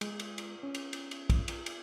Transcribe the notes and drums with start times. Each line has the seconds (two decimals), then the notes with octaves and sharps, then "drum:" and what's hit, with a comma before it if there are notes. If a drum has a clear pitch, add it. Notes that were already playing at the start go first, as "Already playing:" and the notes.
0.01 G#3, drum: cymbal
0.20 drum: cymbal
0.38 drum: cymbal
0.63 C#4
0.75 drum: cymbal
0.93 drum: cymbal
1.11 drum: cymbal
1.30 drum: kick, cymbal
1.48 drum: cymbal
1.66 drum: cymbal